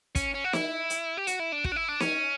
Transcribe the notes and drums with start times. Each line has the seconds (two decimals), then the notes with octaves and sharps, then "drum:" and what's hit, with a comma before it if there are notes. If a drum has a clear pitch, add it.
0.15 C#4, drum: kick, hi-hat
0.34 C#4
0.44 F#4
0.53 E4, drum: snare
0.90 drum: hi-hat
1.17 G4
1.27 F#4, drum: hi-hat
1.39 E4
1.52 D4
1.64 F#4, drum: kick
1.72 D4
1.76 E4
1.88 D4
2.00 C#4, drum: snare